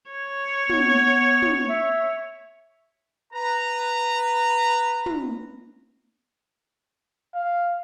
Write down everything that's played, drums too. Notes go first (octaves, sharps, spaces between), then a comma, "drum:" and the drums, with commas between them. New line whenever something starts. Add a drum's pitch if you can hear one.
C#5
B3, drum: tom
drum: tom
E5
B4 A#5
drum: tom
F5